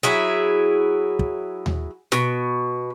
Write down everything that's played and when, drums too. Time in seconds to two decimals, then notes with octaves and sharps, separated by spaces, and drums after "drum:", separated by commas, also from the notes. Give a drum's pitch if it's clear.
0.03 F#3 E4 G#4
1.19 drum: kick
1.66 drum: tom D#2
2.12 B2, drum: snare